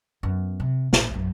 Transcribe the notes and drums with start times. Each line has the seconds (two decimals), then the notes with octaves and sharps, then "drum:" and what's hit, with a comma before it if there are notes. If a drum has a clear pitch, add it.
0.23 F#2 B3
0.60 C3
0.93 A1 A#2, drum: snare
1.10 A#1 F#2